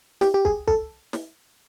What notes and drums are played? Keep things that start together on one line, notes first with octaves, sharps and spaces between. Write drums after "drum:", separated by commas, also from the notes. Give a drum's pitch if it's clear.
G4, drum: snare
G4
G#4, drum: kick
A4, drum: kick
drum: snare